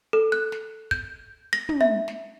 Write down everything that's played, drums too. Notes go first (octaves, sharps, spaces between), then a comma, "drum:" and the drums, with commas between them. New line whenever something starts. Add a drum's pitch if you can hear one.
A4
F#6
drum: snare
G6, drum: kick
A#6
drum: tom
E5
drum: snare